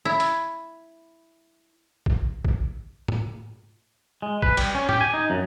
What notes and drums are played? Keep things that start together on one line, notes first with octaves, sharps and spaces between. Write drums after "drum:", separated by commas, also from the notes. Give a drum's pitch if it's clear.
E4 B5 G#6
drum: hi-hat
drum: kick A#1
drum: kick A#1
drum: tom
G#3
B4, drum: kick A#1
G3, drum: cymbal
C#4
G4, drum: tom
G#5
D#4
F#2